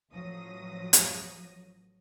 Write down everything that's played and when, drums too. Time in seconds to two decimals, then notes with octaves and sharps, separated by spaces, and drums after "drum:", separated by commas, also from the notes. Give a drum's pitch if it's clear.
0.11 A1 F3 F#3 D#6 A#6
0.93 drum: hi-hat